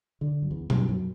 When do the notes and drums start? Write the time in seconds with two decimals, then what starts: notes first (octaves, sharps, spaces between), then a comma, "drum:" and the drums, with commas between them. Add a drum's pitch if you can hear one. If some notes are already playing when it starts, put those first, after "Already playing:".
0.21 D3
0.42 F#2
0.51 E2
0.70 F#2, drum: tom B2
0.89 F#2